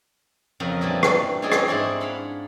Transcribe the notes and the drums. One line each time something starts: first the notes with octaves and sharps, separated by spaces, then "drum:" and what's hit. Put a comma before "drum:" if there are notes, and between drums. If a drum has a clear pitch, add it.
F2 C#3 F3 F#4 A#4
A#2 E3 G3 A3 D4 G4
drum: rim click
G#3 C4 C#4 G#4 D5 D#5
drum: rim click
G#2 D4 E4 G#4 D5 C6
F5 F#5 B5 C6